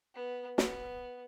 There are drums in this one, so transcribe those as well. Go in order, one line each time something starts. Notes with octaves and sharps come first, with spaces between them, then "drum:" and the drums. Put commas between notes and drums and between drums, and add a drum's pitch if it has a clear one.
B3
B3, drum: snare